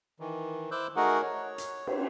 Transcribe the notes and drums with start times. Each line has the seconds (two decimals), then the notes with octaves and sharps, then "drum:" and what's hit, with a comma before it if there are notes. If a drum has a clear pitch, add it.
0.20 D#3 E3
0.71 E4 C5 D6 E6 F#6 G6
0.96 A3 D#4 F#4 G#4 A#4 F#5
1.22 C#5
1.58 drum: hi-hat
1.87 drum: cymbal